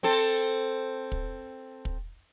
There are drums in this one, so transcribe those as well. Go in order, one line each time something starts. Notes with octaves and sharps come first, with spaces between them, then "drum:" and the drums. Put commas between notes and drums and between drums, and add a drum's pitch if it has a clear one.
C4 A4
drum: kick
drum: kick